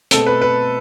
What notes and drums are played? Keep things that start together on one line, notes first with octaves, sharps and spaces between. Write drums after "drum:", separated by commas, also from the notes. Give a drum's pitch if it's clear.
B2 A3 C4 A4, drum: hi-hat
B4
B4